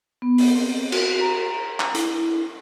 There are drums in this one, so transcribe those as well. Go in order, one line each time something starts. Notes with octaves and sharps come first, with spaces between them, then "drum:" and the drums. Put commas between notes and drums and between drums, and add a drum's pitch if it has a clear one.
B3
drum: open hi-hat
C4
F#4, drum: cymbal
A#5
drum: clap
E4, drum: hi-hat